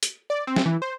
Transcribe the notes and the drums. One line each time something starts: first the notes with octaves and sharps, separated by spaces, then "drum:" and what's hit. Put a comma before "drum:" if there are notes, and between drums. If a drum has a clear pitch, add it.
drum: hi-hat
D5
C4
drum: snare
E3
C5